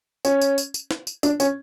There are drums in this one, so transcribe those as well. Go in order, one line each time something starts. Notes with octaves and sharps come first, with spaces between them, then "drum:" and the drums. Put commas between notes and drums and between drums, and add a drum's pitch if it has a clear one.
C#4, drum: tambourine
drum: tambourine
drum: tambourine
drum: tambourine
drum: snare
drum: tambourine
D4, drum: tambourine
C#4, drum: tambourine